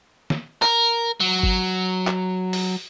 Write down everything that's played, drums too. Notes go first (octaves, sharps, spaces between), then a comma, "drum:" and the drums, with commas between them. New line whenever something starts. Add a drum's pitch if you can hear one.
drum: snare
A#4, drum: clap
F#3
drum: kick G1
drum: clap
drum: open hi-hat